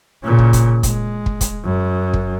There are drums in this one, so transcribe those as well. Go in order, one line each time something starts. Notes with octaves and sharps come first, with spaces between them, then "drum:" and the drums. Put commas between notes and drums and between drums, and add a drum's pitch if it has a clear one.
A#2 C#3
drum: kick
drum: kick, hi-hat
G#3, drum: kick, hi-hat
drum: kick
drum: kick, hi-hat
F#2
drum: kick